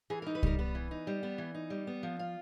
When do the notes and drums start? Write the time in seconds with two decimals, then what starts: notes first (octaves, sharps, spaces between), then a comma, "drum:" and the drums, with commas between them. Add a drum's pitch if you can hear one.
0.10 E3 G#4
0.22 D#4 A#4
0.35 B4
0.43 G3 A#4, drum: kick C2
0.59 B3 B4
0.75 E3
0.91 D#4
1.07 G3
1.23 B3
1.38 E3
1.55 D#4
1.70 G3
1.87 B3
2.03 F3
2.19 F4